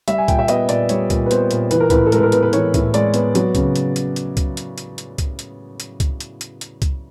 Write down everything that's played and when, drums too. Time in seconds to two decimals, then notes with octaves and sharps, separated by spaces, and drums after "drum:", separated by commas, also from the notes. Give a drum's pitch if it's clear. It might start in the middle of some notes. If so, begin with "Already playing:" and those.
0.08 G3 E5, drum: hi-hat
0.18 G#5
0.28 A#2 G5, drum: kick C2, hi-hat
0.38 E5
0.48 B3 D#5, drum: hi-hat
0.69 A#2 D5, drum: hi-hat
0.89 G3 C#5, drum: hi-hat
1.10 A#2, drum: kick C2, hi-hat
1.26 B4
1.31 B3 C5, drum: hi-hat
1.51 A#2, drum: hi-hat
1.71 E3 B4, drum: hi-hat
1.80 A#4
1.90 A2 B4, drum: kick C2, hi-hat
2.06 A4
2.12 G#3 A#4, drum: hi-hat
2.18 B4
2.23 A#4
2.32 B3 B4, drum: hi-hat
2.43 B4
2.53 E3 C#5, drum: hi-hat
2.74 A2, drum: kick C2, hi-hat
2.94 G#3 D5, drum: hi-hat
3.14 B3, drum: hi-hat
3.35 F#3, drum: hi-hat
3.55 C#3, drum: kick C2, hi-hat
3.76 drum: hi-hat
3.96 drum: hi-hat
4.16 drum: hi-hat
4.37 drum: kick C2, hi-hat
4.57 drum: hi-hat
4.78 drum: hi-hat
4.98 drum: hi-hat
5.18 drum: kick C2, hi-hat
5.39 drum: hi-hat
5.80 drum: hi-hat
6.00 drum: kick C2, hi-hat
6.20 drum: hi-hat
6.41 drum: hi-hat
6.61 drum: hi-hat
6.82 drum: kick C2, hi-hat